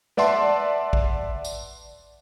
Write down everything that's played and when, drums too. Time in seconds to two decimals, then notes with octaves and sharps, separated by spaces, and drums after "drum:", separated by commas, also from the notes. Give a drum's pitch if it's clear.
0.17 B4 D5 E5 F#5 A5 C6, drum: snare
0.93 drum: kick A#1
1.44 drum: tambourine